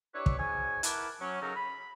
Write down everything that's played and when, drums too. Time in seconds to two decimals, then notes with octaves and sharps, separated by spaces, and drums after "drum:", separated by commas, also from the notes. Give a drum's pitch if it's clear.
0.14 D4 E4 G4 B4 C#5
0.26 drum: kick
0.38 G#2 B2 C#5 G#5
0.83 E4 A#4 B4 F#5 A5 D6, drum: hi-hat
1.20 F#3 C#4
1.41 C#3 F#3 C#4 D#4 A4 A#4
1.56 B5